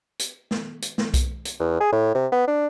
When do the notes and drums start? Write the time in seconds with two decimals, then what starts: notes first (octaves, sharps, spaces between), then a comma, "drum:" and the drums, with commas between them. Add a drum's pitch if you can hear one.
0.19 drum: hi-hat
0.51 drum: snare
0.82 drum: hi-hat
0.98 drum: snare
1.14 drum: kick B1, hi-hat
1.45 drum: hi-hat
1.60 E2
1.80 G#4
1.92 A2
2.15 C3
2.32 B3
2.47 D4